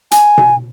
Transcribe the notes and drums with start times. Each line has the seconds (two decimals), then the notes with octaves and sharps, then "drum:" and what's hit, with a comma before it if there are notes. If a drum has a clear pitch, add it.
0.11 G#5, drum: hi-hat
0.38 drum: tom B2